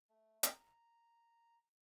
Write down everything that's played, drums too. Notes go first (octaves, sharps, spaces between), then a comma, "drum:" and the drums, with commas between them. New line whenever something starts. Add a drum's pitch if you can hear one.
A3
A#5, drum: hi-hat